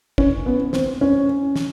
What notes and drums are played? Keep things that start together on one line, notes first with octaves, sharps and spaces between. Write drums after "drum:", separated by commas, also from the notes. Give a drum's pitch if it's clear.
C#4, drum: kick
B3
C4, drum: snare
C#4
drum: snare